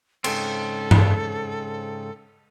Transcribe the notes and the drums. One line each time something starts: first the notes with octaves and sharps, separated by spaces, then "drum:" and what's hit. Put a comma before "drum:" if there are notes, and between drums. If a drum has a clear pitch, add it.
G#2 C#3 C4 A4, drum: cymbal
drum: tom G2